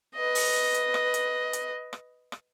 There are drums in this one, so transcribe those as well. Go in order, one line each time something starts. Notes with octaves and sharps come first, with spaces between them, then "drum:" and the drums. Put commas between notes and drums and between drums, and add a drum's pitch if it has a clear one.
B4 D#5
drum: open hi-hat
drum: hi-hat
drum: rim click
drum: hi-hat
drum: hi-hat
drum: rim click
drum: rim click